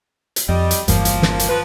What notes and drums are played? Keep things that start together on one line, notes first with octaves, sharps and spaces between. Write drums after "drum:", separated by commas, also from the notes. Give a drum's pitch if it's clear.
drum: hi-hat
F2 G3 D#5
drum: hi-hat
G1 E2 G2 F3 A#3, drum: hi-hat
drum: hi-hat
drum: snare
drum: hi-hat
F3 F4 B4